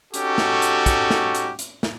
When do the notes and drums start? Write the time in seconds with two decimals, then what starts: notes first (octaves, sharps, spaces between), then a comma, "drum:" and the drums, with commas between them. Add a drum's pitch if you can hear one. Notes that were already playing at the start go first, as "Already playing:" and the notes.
0.14 C#4 D#4 F#4 G4 A4, drum: hi-hat
0.38 drum: snare
0.62 drum: hi-hat
0.86 drum: kick, hi-hat
1.10 drum: snare
1.35 drum: hi-hat
1.59 drum: hi-hat
1.83 drum: snare